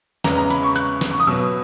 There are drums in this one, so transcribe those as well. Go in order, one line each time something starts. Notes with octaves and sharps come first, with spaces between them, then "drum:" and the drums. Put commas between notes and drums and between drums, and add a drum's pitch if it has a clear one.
E2 C#3 G#3 B3 A#5, drum: snare
A#5
B5, drum: hi-hat
C#6
F#6, drum: hi-hat
drum: snare
C#6
D#6
B2 F#3 B3 E6